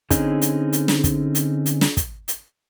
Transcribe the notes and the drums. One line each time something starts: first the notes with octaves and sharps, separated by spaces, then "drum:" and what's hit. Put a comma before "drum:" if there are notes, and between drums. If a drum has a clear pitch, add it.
D3 C4 C#4 D#4 G#4, drum: kick, hi-hat
drum: hi-hat
drum: hi-hat
drum: snare
drum: kick, hi-hat
drum: hi-hat
drum: hi-hat
drum: snare
drum: kick, hi-hat
drum: hi-hat